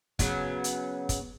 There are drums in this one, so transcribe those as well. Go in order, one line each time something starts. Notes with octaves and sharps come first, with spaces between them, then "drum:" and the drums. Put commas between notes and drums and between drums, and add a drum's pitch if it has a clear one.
C#3 F#3 B3, drum: kick, hi-hat
drum: hi-hat
drum: kick, hi-hat